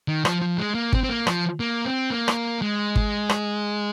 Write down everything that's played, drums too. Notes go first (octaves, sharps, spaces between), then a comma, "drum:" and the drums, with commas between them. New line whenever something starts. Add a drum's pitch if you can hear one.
D#3
F3, drum: rim click
F3
G#3
A#3
C4, drum: kick
C4
A#3
F3, drum: rim click
A#3
C4
A#3
drum: rim click
G#3
drum: kick
drum: rim click